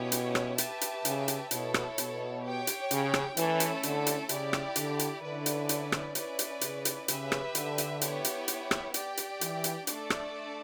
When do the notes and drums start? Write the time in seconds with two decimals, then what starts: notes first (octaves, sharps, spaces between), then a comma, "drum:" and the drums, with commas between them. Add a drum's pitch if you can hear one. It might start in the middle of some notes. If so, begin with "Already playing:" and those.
Already playing: B2 C#4 E4 G4 C#5
0.12 drum: hi-hat
0.35 drum: rim click
0.58 G4 B4 E5 A5, drum: hi-hat
0.81 drum: hi-hat
1.05 C#3, drum: hi-hat
1.28 drum: hi-hat
1.51 B2 E4 A4 C#5, drum: hi-hat
1.74 drum: rim click
1.98 B2, drum: hi-hat
2.43 G4 C#5 G5
2.67 drum: hi-hat
2.91 C#3, drum: hi-hat
3.14 drum: rim click
3.37 E3 A3 C#4 E4 A4, drum: hi-hat
3.60 drum: hi-hat
3.83 D3, drum: hi-hat
4.07 drum: hi-hat
4.29 C#3 E4 G4 D5, drum: hi-hat
4.53 drum: rim click
4.76 D3, drum: hi-hat
4.99 drum: hi-hat
5.22 D3 C#4 E4 B4 D5
5.46 drum: hi-hat
5.69 drum: hi-hat
5.92 drum: rim click
6.15 C#4 E4 B4 D5, drum: hi-hat
6.39 drum: hi-hat
6.61 C#3, drum: hi-hat
6.85 drum: hi-hat
7.08 C#3 G4 B4 E5, drum: hi-hat
7.32 drum: rim click
7.55 D3, drum: hi-hat
7.78 drum: hi-hat
8.01 B3 E4 G4 C#5, drum: hi-hat
8.25 drum: hi-hat
8.48 drum: hi-hat
8.71 drum: rim click
8.94 G4 D5 G5, drum: hi-hat
9.17 drum: hi-hat
9.41 E3, drum: hi-hat
9.64 drum: hi-hat
9.87 A3 D4 A4 D5, drum: hi-hat
10.10 drum: rim click